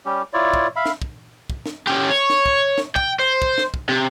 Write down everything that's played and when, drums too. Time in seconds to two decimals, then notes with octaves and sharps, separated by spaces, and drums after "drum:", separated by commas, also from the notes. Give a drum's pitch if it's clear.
0.06 G3 C#4 G4
0.33 E4 F4 C#5 D5
0.54 drum: kick
0.76 E5 F5 B5
0.86 drum: snare
1.02 drum: kick
1.50 drum: kick
1.66 drum: snare
1.87 C#4 G4
2.10 C#5
2.30 drum: snare
2.46 drum: kick
2.78 drum: snare
2.96 G5, drum: kick
3.20 C5
3.42 drum: kick
3.58 drum: snare
3.74 drum: kick
3.89 C3